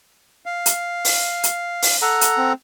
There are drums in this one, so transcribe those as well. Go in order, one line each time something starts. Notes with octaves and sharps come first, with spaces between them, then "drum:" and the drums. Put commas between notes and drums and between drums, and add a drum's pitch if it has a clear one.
F5
drum: hi-hat
drum: open hi-hat
drum: hi-hat
drum: open hi-hat
A4 F#5 A#5
drum: hi-hat
C4